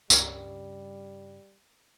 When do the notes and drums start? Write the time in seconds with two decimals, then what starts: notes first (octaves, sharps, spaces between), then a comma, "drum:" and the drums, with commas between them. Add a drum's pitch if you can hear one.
0.10 C#2 G2 C#3 G3 A#4 G#6, drum: tambourine